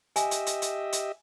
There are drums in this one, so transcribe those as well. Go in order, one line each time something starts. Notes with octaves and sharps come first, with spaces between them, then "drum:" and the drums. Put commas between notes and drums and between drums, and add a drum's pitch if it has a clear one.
G4 D#5 E5 G#5, drum: hi-hat
drum: hi-hat
drum: hi-hat
drum: hi-hat
drum: hi-hat